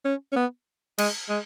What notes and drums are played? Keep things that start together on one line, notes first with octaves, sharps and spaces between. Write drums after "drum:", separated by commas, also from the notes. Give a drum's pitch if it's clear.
C#4
C#4
B3
G#3, drum: cymbal
G#3